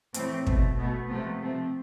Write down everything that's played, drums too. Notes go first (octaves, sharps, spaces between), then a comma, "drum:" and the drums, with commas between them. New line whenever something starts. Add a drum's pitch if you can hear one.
A2 E3 A3 C4, drum: hi-hat
B2 A3, drum: kick
B2 A3 B3
C3 F3 A3 B3
C3 F3 A3 C4